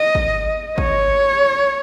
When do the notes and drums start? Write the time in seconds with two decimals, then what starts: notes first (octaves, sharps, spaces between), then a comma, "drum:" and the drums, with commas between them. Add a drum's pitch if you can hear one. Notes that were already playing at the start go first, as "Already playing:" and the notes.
Already playing: D#5
0.15 drum: kick
0.78 C#5, drum: kick